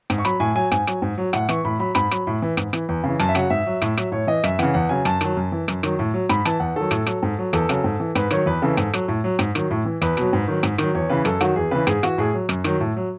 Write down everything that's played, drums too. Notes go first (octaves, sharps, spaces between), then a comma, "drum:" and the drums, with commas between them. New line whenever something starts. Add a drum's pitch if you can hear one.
G#2, drum: rim click
C#6
F#3 B5, drum: rim click
A2 G#5
F#3 G#5
G#2 G#5, drum: rim click
F#3, drum: rim click
G#2
F#3
A2 F#5, drum: rim click
E3 C#6, drum: rim click
A2 B5
F#3 B5
G#2 B5, drum: rim click
F#3, drum: rim click
A2
E3
G#2, drum: rim click
E3, drum: rim click
E2
C#3 E3
F#2 A5, drum: rim click
E5
C#3 F#3 F#5, drum: rim click
G#2 E5
F#3
A2, drum: rim click
F#3, drum: rim click
A2 C#5
E3 D#5
F#2 E5, drum: rim click
C#3 E3 F#5, drum: rim click
E2 F#5
C#3 F#3 G#5
F#2 A5, drum: rim click
D#3 F#3, drum: rim click
F#2
E3
F#2, drum: rim click
D#3 F#3, drum: rim click
A2
F#3
G#2 B5, drum: rim click
E3 A5, drum: rim click
E2 F#5
D#3 F#3 A4
A2, drum: rim click
F#3, drum: rim click
G#2
F#3
E2 A4, drum: rim click
C#3 F#3, drum: rim click
G#2
E3
G#2 B4, drum: rim click
D#3 F#3 C#5, drum: rim click
E2 B4
C#3 E3 A4
G#2, drum: rim click
F#3, drum: rim click
A2
F#3
G#2, drum: rim click
D#3 F#3, drum: rim click
A2
E3
E2 B4, drum: rim click
B2 F#3, drum: rim click
G#2
D#3 F#3
G#2, drum: rim click
D#3 F#3, drum: rim click
E2 C#5
C#3 E3 B4
F#2 A4, drum: rim click
D#3 F#3 F#4, drum: rim click
E2 G#4
C#3 E3 B4
G#2 G#4, drum: rim click
E3 F#4, drum: rim click
A2 G#4
F#3
F#2, drum: rim click
D#3 F#3, drum: rim click
A2
F#3